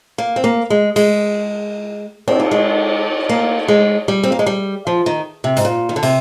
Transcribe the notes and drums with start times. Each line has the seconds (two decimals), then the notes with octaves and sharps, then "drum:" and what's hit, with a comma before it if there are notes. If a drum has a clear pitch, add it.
0.18 A#3
0.36 C4
0.44 A#3
0.70 G#3
0.96 G#3, drum: cymbal
2.28 C4, drum: cymbal
2.40 A#3
2.51 G#3
3.29 A#3
3.68 G#3
4.08 G3
4.24 C4
4.32 A#3
4.39 G#3
4.46 G3
4.87 F3
5.06 D#3
5.44 C3
5.57 G#2, drum: hi-hat
5.65 A#2
5.89 D#3
5.96 D3
6.03 C3, drum: cymbal